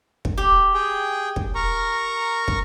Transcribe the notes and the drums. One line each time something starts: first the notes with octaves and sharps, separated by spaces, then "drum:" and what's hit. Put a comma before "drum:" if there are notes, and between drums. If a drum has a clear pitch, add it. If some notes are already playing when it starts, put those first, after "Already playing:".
drum: kick
G4
G#4 G5
drum: kick
A#4 A#5 C#6
drum: kick